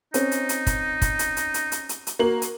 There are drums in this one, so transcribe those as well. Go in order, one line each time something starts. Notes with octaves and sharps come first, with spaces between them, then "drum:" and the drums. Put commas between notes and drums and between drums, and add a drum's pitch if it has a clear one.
C4 C#4 D#4 C5, drum: hi-hat
drum: hi-hat
drum: hi-hat
drum: kick, hi-hat
drum: kick, hi-hat
drum: hi-hat
drum: hi-hat
drum: hi-hat
drum: hi-hat
drum: hi-hat
drum: hi-hat
A#3 F#4 F#7
drum: hi-hat